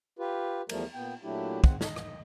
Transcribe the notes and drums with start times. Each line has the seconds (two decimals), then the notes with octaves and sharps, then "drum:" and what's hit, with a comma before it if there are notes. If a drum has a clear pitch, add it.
0.19 F4 G4 B4
0.69 E2 F3 G3 A3 A#4, drum: cymbal
0.94 A#2 B3 G5
1.23 A#2 F#3 A3 D4 E4 G4
1.64 G#2 C4 F#5, drum: kick
1.81 D#5, drum: snare
1.96 drum: rim click